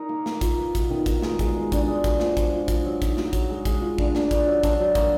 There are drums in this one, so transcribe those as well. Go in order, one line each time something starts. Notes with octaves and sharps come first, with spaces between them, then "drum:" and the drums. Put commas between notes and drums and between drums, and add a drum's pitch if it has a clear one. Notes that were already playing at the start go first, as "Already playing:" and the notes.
Already playing: D#4 A#4
A#3
A#3, drum: snare
F4, drum: kick, hi-hat
B4
B2, drum: kick, hi-hat
D#3
D#3, drum: kick, hi-hat
G#3, drum: snare
G#3, drum: kick, hi-hat
G#3
D4, drum: kick, hi-hat
G#3
F#4, drum: kick, hi-hat
F3, drum: snare
F3, drum: kick, hi-hat
F4
F4, drum: kick, hi-hat
F#3
D#4, drum: kick, hi-hat
F#4, drum: snare
F#3, drum: kick, hi-hat
G#3
G#3, drum: kick, hi-hat
F4
D4, drum: kick
D4, drum: snare
D4, drum: kick, hi-hat
F#3
D4, drum: kick, hi-hat
F#3
A#3, drum: kick, hi-hat